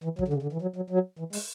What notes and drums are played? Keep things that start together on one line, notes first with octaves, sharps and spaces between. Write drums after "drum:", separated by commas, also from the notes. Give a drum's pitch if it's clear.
E3
F#3, drum: kick
D3
C#3
D3
E3
F#3
F#3
F#3
E3
G#3, drum: open hi-hat